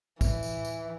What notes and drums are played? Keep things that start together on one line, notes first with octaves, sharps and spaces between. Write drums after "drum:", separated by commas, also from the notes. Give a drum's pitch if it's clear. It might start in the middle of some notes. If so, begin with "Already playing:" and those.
E3, drum: kick, tambourine
drum: tambourine
drum: tambourine